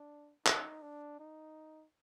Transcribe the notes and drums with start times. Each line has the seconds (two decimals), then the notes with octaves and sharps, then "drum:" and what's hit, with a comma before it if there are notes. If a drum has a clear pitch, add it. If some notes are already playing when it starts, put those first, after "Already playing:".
Already playing: D4
0.46 D#4, drum: clap
0.82 D4
1.20 D#4